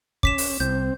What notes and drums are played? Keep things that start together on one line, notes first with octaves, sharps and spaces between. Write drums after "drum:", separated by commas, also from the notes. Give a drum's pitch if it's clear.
C#4 D6 B6 E7, drum: kick
drum: open hi-hat
C2 C4 G6